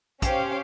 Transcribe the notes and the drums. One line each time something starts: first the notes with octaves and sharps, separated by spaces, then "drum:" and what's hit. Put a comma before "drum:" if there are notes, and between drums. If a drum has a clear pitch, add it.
C#4 G4 C5 F5, drum: kick, hi-hat